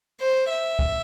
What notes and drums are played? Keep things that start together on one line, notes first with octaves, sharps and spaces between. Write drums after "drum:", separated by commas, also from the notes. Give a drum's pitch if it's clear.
C5
E5
drum: kick C#2